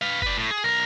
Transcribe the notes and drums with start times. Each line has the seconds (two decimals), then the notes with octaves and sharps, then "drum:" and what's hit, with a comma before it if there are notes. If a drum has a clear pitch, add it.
0.02 B4 F5
0.22 B4 D5, drum: kick F#1
0.37 A2
0.51 G#4
0.64 B1 A#4